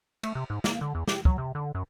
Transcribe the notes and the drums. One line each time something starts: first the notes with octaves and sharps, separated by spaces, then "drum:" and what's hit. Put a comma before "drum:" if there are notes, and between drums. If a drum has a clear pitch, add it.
A3, drum: cymbal
C3
G#2
A#3, drum: snare
D3
E2
G4, drum: snare
F#3, drum: kick
C3
D3
F#2